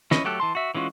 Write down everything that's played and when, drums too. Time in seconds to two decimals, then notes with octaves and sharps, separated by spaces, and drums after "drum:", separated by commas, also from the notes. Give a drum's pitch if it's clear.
0.11 E3 C#4 B4 D#5, drum: snare
0.25 F#3 A3 G4 A4 F#6
0.40 E3 A5 C6
0.55 F#4 E5
0.75 E3 G#3 C#4 F4 F#4